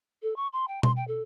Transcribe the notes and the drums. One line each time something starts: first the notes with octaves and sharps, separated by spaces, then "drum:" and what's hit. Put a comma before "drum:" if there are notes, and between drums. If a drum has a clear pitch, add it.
A4
C#6
C6
G5
C6, drum: tom B2
G5
A4